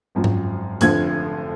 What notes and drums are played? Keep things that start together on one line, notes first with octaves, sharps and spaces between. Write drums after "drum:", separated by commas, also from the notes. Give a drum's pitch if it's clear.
G#1 F#2 F3
drum: tom G#2
F1 F2 D3 F3 G#6, drum: hi-hat